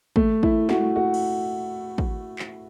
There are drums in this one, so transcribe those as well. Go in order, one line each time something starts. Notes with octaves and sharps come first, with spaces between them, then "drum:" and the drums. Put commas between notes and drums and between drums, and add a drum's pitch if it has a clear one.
A3, drum: kick
E4, drum: kick
F#4, drum: snare
F#4
drum: cymbal
drum: kick
drum: clap